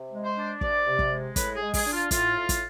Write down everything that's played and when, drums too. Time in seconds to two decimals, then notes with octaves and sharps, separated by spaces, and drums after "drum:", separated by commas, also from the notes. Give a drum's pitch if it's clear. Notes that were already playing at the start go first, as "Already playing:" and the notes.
Already playing: C3
0.11 G#3
0.24 C5
0.37 D4
0.61 C3 D5, drum: kick
0.86 C3
0.99 drum: kick
1.11 G#3
1.36 A2 B4, drum: kick, hi-hat
1.55 G#4
1.61 G#3
1.74 G#4, drum: kick, open hi-hat
1.86 D4
1.93 F4
2.11 A2 F4, drum: kick, hi-hat
2.36 A2
2.49 drum: kick, hi-hat